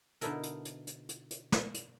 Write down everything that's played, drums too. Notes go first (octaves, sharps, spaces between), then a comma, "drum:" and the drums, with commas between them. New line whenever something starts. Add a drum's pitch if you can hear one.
B2 D3 D#4 E4 A4 A#4, drum: hi-hat
drum: hi-hat
drum: hi-hat
drum: hi-hat
drum: hi-hat
drum: hi-hat
drum: snare
drum: hi-hat